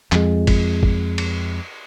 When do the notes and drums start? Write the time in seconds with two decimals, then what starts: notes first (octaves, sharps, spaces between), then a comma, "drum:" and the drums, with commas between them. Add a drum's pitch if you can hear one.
0.12 F2 G#3, drum: clap
0.47 drum: kick G1, cymbal
0.83 drum: kick G1
1.18 drum: cymbal